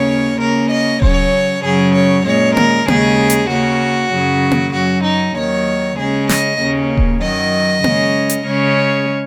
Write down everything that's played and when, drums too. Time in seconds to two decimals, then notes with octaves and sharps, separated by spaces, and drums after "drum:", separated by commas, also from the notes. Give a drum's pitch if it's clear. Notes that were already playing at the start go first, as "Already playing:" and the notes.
Already playing: D#2 C#3 A#3 C#4 C#5
0.40 C#3 A#3 C#4 A#4
0.71 D#5
1.02 C#3 F#3 C#4 C#5, drum: kick D#1
1.64 F#2 C#3 F#3 C#4 G#4
1.95 C#5
2.26 A#2 G#3 C#4 C#5
2.57 A#4, drum: tom A#3
2.88 D#2 C#3 G#3 C#4 G#4, drum: tom A#3
3.30 drum: hi-hat
3.50 C#3 A#3 C#4 F#4
4.13 F#2 C#3 F#3
4.51 drum: tom A#3
4.74 F#2 F#3 C#4 F#4
5.05 D#4
5.36 D#2 D#3 F#3 C#5
5.98 C#3 G#3 C#4 G#4
6.29 D#5, drum: snare
6.60 D#2 C#3 A#3 C#4
6.97 drum: kick D#1
7.22 F#2 D#3 F#3 D#5
7.84 C#3 G#3 C#4, drum: tom A#3
8.29 drum: hi-hat
8.46 C#3 G#3 C#4 C#5